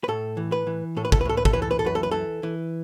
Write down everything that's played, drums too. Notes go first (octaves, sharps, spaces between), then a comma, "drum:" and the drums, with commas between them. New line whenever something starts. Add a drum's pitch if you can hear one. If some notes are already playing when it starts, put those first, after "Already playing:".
B4
A2 A4
E3
B4
E3
A2 A4
B4
A4, drum: kick
B4
A2 A4
B4
A4, drum: kick
E3 B4
A4
B4
A4
F#2 B4
A4
B4
E3 A4
E3